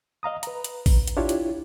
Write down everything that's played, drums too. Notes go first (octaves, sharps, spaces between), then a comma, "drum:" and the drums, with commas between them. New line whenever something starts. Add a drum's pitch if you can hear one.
D#5 F5 A#5 D#6
B4 A#5, drum: hi-hat
drum: hi-hat
drum: kick A1, open hi-hat
drum: hi-hat
D4 E4 F4 G4 C#5
drum: hi-hat